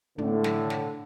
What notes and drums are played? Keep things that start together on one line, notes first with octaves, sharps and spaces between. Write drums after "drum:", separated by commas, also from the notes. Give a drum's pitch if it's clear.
A2 D3, drum: tom
drum: snare
drum: snare